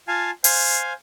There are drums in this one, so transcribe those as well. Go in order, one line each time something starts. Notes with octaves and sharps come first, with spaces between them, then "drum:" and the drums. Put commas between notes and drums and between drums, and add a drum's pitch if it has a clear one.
F4 F5 G#5 A5
C5 F5 G#5, drum: open hi-hat